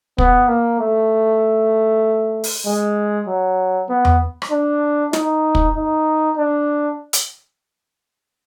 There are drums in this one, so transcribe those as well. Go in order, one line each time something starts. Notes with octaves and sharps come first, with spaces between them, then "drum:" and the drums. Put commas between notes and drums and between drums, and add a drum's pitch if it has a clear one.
B3, drum: kick
A#3
A3
drum: open hi-hat
G#3
F#3
B3
drum: tom E2
drum: rim click
D4
D#4, drum: snare
drum: kick
D#4
D4
drum: hi-hat